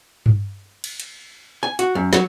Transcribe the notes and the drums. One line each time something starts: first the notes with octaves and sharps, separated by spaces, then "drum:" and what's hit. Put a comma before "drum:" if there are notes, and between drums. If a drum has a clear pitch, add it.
drum: tom G2
drum: cymbal
drum: hi-hat
G#5
F#4, drum: hi-hat
F#2
F#3, drum: snare